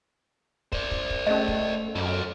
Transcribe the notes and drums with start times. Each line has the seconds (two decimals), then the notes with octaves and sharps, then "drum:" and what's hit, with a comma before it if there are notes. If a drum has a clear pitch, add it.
0.72 C5 D5, drum: kick
0.91 drum: kick
1.10 drum: kick
1.27 A3 C#4 G#4 D#5
1.48 drum: kick
1.95 F#2 A4 C5